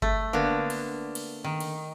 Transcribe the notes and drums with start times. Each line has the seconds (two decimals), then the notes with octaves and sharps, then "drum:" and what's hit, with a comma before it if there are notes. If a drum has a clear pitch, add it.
0.02 A3, drum: kick G1
0.33 D3 A#3 B3 D4
0.70 drum: cymbal
1.15 drum: cymbal
1.44 D#3
1.60 drum: cymbal